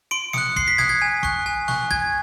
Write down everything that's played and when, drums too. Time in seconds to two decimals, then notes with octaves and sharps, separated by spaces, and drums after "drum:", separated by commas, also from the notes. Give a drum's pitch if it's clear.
0.11 C6 D7
0.33 D#6 F#6 C#7, drum: snare
0.56 C6 C7, drum: kick
0.68 B6
0.78 D#6 F#6 G#6, drum: snare
0.89 G#6
1.02 G#5
1.23 C#6 F#6, drum: kick
1.46 G#5
1.68 C#6 F#6, drum: snare
1.91 G#5 G#6, drum: kick